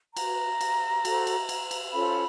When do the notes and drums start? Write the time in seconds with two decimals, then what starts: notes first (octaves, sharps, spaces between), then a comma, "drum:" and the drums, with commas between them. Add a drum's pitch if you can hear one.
0.17 F#4 B4 A#5, drum: cymbal
0.61 drum: cymbal
1.05 F#4 A4 C5, drum: cymbal
1.27 drum: cymbal
1.49 drum: cymbal
1.71 drum: cymbal
1.93 C#4 F4 A4 C5 B5